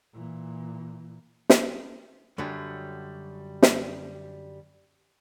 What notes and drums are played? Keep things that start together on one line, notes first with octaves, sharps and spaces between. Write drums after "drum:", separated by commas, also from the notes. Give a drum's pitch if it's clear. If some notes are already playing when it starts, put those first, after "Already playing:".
A#2 E3
drum: snare
F#2 D3 F#3 G3
drum: snare